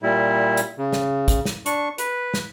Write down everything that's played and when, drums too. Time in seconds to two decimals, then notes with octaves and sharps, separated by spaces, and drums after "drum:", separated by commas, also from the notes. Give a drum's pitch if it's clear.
0.03 A#2 G3 E4
0.57 drum: hi-hat
0.78 C#3
0.93 drum: snare
1.28 drum: kick, hi-hat
1.45 drum: snare
1.66 D4 C#6, drum: hi-hat
1.98 B4, drum: hi-hat
2.34 drum: snare